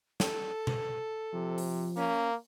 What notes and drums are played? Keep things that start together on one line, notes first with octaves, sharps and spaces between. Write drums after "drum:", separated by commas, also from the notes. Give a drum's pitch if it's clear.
A4, drum: snare
drum: tom B2
C3 F3
drum: open hi-hat
A#3 C#4